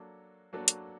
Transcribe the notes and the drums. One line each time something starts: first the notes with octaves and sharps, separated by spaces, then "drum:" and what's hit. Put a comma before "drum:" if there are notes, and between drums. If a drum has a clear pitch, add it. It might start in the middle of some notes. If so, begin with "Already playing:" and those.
Already playing: F#3 A#3 D4 F#4 A4
F#3 A#3 D4 F#4 A4
drum: hi-hat